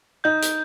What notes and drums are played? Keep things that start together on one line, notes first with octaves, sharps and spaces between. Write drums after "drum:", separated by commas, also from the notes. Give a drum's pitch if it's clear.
D#4 G6
drum: hi-hat